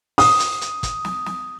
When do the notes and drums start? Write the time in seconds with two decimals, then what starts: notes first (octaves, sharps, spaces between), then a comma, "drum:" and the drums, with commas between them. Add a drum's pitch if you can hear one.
0.18 D#6, drum: open hi-hat
0.40 drum: hi-hat
0.61 drum: hi-hat
0.83 drum: kick, hi-hat
1.05 drum: snare
1.26 drum: snare